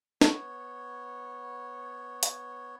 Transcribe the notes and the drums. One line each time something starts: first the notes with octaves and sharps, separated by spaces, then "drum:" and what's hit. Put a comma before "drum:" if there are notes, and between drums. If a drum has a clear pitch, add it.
B3 C#5, drum: snare
drum: hi-hat